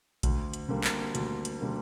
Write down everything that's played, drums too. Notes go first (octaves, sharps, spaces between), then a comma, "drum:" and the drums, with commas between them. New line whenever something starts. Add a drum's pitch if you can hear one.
D2, drum: kick A#1, hi-hat
drum: hi-hat
D3 G3 A#3
drum: clap
D2, drum: hi-hat
drum: hi-hat
D3 G3 A#3